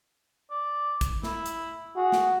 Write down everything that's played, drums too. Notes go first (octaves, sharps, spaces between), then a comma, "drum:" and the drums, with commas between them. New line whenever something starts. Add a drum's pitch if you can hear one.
D5
drum: kick, hi-hat
E4, drum: snare
drum: hi-hat
F#4 G#4
drum: snare